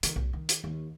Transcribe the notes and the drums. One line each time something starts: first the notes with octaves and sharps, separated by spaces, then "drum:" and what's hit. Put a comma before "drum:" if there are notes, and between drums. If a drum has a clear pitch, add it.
D#3, drum: hi-hat
B1
D#3
drum: hi-hat
D#2